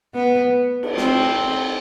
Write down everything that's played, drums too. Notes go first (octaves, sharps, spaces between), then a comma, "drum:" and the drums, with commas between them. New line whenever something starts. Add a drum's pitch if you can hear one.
B3
drum: cymbal
C4, drum: snare